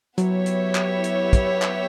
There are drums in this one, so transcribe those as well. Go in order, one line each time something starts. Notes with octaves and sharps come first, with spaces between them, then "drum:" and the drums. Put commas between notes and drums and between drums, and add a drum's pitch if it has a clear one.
F#3 B3 E4 G4 C#5 E5, drum: hi-hat
drum: hi-hat
drum: clap
drum: hi-hat
drum: kick, hi-hat
drum: clap